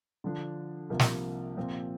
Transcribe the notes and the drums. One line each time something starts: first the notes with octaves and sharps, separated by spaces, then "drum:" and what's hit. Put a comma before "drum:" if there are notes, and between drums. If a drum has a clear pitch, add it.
D3 F3 D4
C2 C3 F3 A#3
drum: snare
A#2 F3 C4